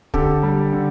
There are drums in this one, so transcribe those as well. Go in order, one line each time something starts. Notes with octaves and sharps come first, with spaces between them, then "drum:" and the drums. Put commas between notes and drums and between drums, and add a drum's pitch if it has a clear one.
D3 G4 A4, drum: kick
G3
D3